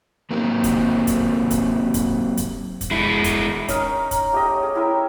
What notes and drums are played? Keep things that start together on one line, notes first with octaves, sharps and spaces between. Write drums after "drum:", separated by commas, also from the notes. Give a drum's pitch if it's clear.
F#3 A#3 C4 D#4 G4
drum: kick, hi-hat
drum: kick, hi-hat
drum: kick, hi-hat
drum: kick, hi-hat
drum: kick, hi-hat
drum: kick, hi-hat
G#3 E4
drum: kick, hi-hat
C#4 D#4 A#4, drum: kick, hi-hat
drum: kick, hi-hat
A3 G4 C#5 D#5
G#4
E4 A#4 E5 G5